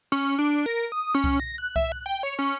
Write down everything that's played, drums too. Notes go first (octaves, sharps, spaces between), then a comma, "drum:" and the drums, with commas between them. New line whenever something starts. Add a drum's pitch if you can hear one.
C#4
D4
A#4
D#6
C#4
drum: kick C2
A#6
F#6
E5, drum: kick C2
F#6
G5
C#5
C#4